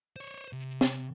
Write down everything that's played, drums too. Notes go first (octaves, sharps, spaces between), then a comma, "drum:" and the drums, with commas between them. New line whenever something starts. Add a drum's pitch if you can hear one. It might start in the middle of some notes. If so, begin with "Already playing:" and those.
C5 C#5
C3
drum: snare